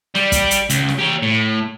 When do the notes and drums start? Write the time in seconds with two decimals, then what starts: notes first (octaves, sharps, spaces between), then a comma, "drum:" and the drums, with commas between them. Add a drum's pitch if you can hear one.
0.15 G3, drum: snare
0.32 drum: kick, hi-hat
0.51 drum: hi-hat
0.70 C#2, drum: hi-hat
0.88 drum: snare
0.98 G4 C#5
1.22 A2